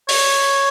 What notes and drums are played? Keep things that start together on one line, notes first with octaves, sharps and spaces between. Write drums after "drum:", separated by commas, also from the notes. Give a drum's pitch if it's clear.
C#5, drum: open hi-hat